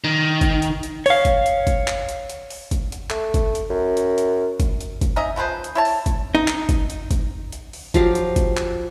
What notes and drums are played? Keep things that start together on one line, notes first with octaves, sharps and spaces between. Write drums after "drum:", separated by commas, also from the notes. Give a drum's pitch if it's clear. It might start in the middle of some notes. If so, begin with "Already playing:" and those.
D#3
drum: kick, hi-hat
drum: hi-hat
drum: hi-hat
C#5 F5, drum: open hi-hat
drum: kick, hi-hat
drum: hi-hat
drum: kick, hi-hat
drum: clap
drum: hi-hat
drum: hi-hat
drum: open hi-hat
drum: kick, hi-hat
drum: hi-hat
A3, drum: clap
drum: kick, hi-hat
drum: hi-hat
F#2
drum: hi-hat
drum: hi-hat
drum: kick, hi-hat
drum: hi-hat
drum: kick, hi-hat
C#4 D#4 D#5 E5
C#3 F3 B4 C5
drum: hi-hat
E4 C#5 A5
drum: open hi-hat
drum: kick, hi-hat
D#4
drum: clap
drum: kick, hi-hat
drum: hi-hat
drum: kick, hi-hat
drum: hi-hat
drum: open hi-hat
F3 F#3 G4 F5, drum: kick, hi-hat
drum: hi-hat
drum: kick, hi-hat
drum: clap